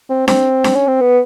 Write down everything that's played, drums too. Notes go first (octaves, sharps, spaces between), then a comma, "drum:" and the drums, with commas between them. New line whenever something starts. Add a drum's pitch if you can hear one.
C4
C4, drum: snare D4
drum: snare D4
C#4
C4
B3